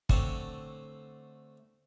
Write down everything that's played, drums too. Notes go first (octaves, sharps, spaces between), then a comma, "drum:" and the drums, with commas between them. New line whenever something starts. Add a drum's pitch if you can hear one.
D3 A3 C4 C#5, drum: kick